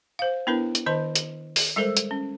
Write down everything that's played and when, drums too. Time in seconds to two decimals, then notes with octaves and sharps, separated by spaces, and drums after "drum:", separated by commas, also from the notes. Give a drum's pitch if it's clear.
0.19 C5 F5
0.47 B3 D4 E4 A#4 B4
0.75 drum: hi-hat
0.86 D#3 C5 D#5 A5 C6
1.15 drum: hi-hat
1.56 drum: open hi-hat
1.76 G3 G#3 A4 A#4 C5
1.97 drum: hi-hat
2.11 C#4